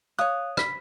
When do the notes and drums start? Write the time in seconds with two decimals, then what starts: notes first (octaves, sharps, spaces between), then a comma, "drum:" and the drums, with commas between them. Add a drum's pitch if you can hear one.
0.19 C#5 F5 D#6 F#6
0.57 B5 B6, drum: rim click